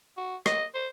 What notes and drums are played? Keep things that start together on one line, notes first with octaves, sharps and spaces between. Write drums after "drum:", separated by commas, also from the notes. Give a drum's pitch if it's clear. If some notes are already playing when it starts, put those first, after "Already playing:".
F#4
D#5, drum: rim click
C5